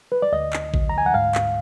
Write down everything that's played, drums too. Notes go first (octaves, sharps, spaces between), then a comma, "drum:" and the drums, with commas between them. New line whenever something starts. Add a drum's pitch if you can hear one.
B4
D5
D2 D#5
drum: clap
D2, drum: kick A1
A#5
G#5
F#5
G#2 F5
drum: clap